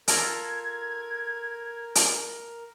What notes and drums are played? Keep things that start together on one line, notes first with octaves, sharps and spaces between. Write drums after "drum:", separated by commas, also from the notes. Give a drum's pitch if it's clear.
F4 A4 A#4 A#5 G#6, drum: hi-hat
drum: hi-hat